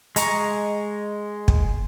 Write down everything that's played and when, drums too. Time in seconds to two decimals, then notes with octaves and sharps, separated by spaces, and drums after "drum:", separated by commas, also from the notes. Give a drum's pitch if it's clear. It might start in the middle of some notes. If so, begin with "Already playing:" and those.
0.16 G#3 D#5 A#5 C#6, drum: hi-hat
1.48 drum: kick